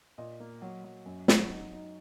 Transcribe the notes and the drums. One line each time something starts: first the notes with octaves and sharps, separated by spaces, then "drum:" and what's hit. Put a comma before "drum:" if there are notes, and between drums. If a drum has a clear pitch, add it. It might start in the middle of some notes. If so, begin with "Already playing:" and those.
A#2 D#5
A#3
F#3
F#3
F#2
F#3, drum: snare
D#4
D#4